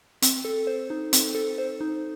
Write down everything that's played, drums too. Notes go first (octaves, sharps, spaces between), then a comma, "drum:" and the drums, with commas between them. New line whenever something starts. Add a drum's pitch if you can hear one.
C4, drum: hi-hat
A4
C5
D#4
C4, drum: hi-hat
A4
C5
D#4